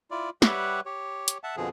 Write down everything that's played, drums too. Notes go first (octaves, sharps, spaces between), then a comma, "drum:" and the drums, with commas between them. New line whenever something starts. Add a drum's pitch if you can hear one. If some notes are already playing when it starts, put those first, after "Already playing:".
E4 F4 D5
G3 G4 B4 C#5 E5 F#5, drum: snare
G4 C#5
drum: hi-hat
E5 F#5 A5
F2 B2 D3 F3 G#4